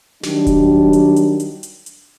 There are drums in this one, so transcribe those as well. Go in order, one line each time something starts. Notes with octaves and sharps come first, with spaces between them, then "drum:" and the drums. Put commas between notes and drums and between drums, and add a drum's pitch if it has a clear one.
D#3 F#3 G3 D4, drum: snare
drum: kick D#1, hi-hat
drum: hi-hat
drum: hi-hat
drum: hi-hat
drum: hi-hat
drum: hi-hat